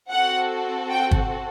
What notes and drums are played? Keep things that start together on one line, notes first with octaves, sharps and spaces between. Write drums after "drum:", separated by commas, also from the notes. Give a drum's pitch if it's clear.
C4 F#4 A4 F#5
G5
drum: kick